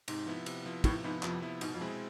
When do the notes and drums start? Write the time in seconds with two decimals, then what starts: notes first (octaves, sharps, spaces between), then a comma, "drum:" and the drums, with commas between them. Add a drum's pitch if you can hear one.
0.08 G#2 C3, drum: cymbal
0.26 F3 B3 E4
0.46 C3, drum: cymbal
0.66 F3 B3 E4
0.84 A2 C3, drum: kick, cymbal
1.04 G#2 F3 B3 E4
1.23 F2 C3, drum: clap
1.42 F3 B3 E4
1.61 G#2 B2, drum: cymbal
1.74 F2
1.81 G#3 C4 E4 G#4